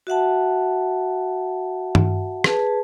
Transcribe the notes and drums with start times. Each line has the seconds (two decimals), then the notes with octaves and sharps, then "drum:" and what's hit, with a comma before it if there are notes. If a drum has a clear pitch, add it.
0.07 F#4 E5 F#5 A5
1.95 drum: tom G2
2.44 G#4 B4 A5, drum: rim click